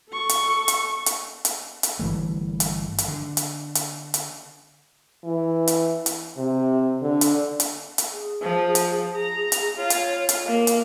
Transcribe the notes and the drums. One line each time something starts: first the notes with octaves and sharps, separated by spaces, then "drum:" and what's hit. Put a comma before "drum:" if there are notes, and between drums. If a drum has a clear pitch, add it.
A4 C#6
drum: hi-hat
drum: hi-hat
drum: hi-hat
drum: hi-hat
drum: hi-hat
G1 E3 A3
drum: hi-hat
drum: hi-hat
D3
drum: hi-hat
drum: hi-hat
drum: hi-hat
E3
drum: hi-hat
drum: hi-hat
C3
D3
drum: hi-hat
drum: hi-hat
drum: hi-hat
G#4
F3
drum: hi-hat
A#5
drum: hi-hat
F4 C#5
drum: hi-hat
drum: hi-hat
A#3 F5
drum: hi-hat